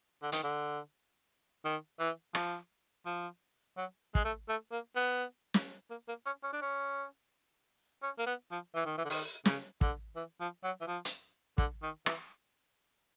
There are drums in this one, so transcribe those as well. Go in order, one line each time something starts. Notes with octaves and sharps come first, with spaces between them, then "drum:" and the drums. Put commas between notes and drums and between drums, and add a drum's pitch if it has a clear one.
D3
D#3, drum: hi-hat
D3
D#3
E3
F3, drum: rim click
F3
F#3
G#3, drum: kick
A3
A3
A#3
B3
drum: snare
A#3
A#3
C#4
C#4
D4
C#4
C#4
A#3
B3
F3
E3
D#3
E3
D3
D#3, drum: open hi-hat
C#3, drum: snare
D3, drum: kick
E3
F3
F#3
E3
F3
drum: hi-hat
D3, drum: kick
D#3
E3, drum: rim click